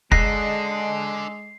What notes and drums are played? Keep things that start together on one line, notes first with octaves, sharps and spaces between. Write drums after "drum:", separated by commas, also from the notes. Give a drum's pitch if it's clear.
G#3 D4 A4 D#5 F#5 A#5 C7, drum: kick